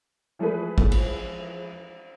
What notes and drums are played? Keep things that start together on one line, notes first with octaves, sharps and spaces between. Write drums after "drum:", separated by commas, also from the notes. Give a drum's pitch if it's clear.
E3 F3 G#3 A3 G#4 B4
drum: kick
drum: cymbal